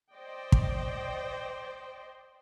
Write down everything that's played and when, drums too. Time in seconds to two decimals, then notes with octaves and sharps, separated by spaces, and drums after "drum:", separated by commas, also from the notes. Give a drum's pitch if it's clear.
0.15 C5 D5 D#5 G5
0.52 drum: kick